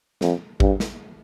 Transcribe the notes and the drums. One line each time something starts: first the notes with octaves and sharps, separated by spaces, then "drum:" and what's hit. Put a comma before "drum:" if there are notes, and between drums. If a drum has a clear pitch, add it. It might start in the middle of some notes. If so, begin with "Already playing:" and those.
F2, drum: snare
G2, drum: kick G#1
drum: snare